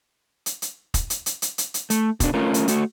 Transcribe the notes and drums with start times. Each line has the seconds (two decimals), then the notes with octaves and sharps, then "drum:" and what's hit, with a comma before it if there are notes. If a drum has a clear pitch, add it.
0.46 drum: hi-hat
0.62 drum: hi-hat
0.94 drum: kick, hi-hat
1.10 drum: hi-hat
1.26 drum: hi-hat
1.42 drum: hi-hat
1.58 drum: hi-hat
1.74 drum: hi-hat
1.90 A3, drum: hi-hat
2.20 B2 D4, drum: kick, hi-hat
2.34 A3 C#4 F4 A#4
2.54 drum: hi-hat
2.68 A3 F#4, drum: hi-hat